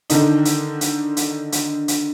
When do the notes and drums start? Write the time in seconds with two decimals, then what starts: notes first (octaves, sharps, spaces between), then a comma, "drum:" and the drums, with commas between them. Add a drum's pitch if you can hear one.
0.10 D3 D#3 D4 D#4, drum: hi-hat
0.45 drum: hi-hat
0.81 drum: hi-hat
1.17 drum: hi-hat
1.52 drum: hi-hat
1.88 drum: hi-hat